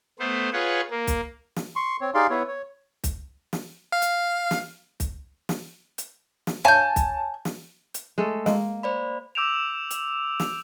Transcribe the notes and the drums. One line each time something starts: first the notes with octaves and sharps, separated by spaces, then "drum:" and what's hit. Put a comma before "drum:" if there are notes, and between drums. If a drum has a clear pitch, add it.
A3 B3 C5
F4 G#4 B4 C#5 F#5
A#3
drum: kick, hi-hat
drum: snare
C6 C#6
C4 C#5
D#4 G4 G#4 D5 F5 C6
B3 E4 C#5
C#5
drum: kick, hi-hat
drum: snare
F5
drum: hi-hat
drum: snare
drum: kick, hi-hat
drum: snare
drum: hi-hat
drum: snare
C#5 F5 G#5 A5 G6
drum: kick, hi-hat
drum: snare
drum: hi-hat
G#3 A3 A4
G#3 A#3, drum: snare
C5 D5 B5
D6 E6 G6 D7 E7 F7
drum: hi-hat
drum: snare